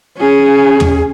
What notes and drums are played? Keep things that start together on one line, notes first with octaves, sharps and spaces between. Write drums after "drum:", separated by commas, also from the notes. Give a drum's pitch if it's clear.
C#4 G#4
drum: tom